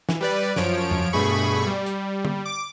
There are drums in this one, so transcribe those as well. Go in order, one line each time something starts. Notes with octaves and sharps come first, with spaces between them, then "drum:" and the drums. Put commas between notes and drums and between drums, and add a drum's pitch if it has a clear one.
E3, drum: snare
G3 B4 D5
F#2 F3 C#5 D7, drum: snare
drum: tom E2
G2 B2 A3 G#4 B5 C#6
G3
drum: hi-hat
drum: tom D3
D6